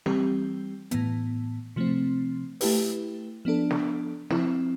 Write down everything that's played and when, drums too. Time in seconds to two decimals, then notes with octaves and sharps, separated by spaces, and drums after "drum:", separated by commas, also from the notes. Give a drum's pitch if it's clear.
0.06 E3 G3 C4 G4, drum: snare
0.91 A2 E3 B3, drum: hi-hat
1.76 C3 F3 A3 C4
2.61 A3 E4 G4 B4, drum: open hi-hat
3.45 F3 B3 D4 A4
3.71 drum: snare
4.30 F3 C4 E4, drum: snare